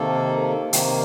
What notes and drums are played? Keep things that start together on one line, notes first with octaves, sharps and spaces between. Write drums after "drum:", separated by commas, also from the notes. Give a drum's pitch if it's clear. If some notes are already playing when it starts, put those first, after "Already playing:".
Already playing: C3 D#3 A#3 A4
C3 D#3 A#3, drum: hi-hat